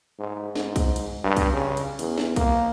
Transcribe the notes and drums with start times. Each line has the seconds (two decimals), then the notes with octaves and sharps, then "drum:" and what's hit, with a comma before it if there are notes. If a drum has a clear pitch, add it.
0.19 G#2
0.55 G#2, drum: snare
0.76 drum: kick, cymbal
0.96 drum: cymbal
1.24 G2
1.37 drum: kick, cymbal
1.53 C#3
1.77 drum: cymbal
1.99 E2, drum: cymbal
2.18 drum: snare
2.36 A#3, drum: kick, cymbal